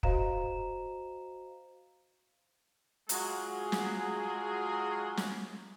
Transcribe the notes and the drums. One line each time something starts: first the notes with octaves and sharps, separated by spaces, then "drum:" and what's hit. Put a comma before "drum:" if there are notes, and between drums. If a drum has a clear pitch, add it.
F#4 C5 D#5 F5 A#5 E7, drum: kick
F#3 G#3 F4 F#4 G#4, drum: hi-hat
drum: snare
drum: snare